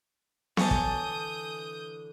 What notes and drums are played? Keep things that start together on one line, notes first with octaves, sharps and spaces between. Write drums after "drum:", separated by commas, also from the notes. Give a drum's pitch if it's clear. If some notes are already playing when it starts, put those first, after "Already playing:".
D3 E3 C#5 G#5 A5 D#6 G6, drum: snare B3
drum: kick